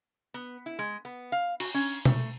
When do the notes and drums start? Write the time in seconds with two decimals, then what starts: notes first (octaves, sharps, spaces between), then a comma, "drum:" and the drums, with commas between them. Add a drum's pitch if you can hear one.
0.34 B3
0.66 E4
0.79 G#3
1.05 B3
1.32 F5
1.60 F#4, drum: cymbal
1.74 C#4
2.05 A3, drum: tom B2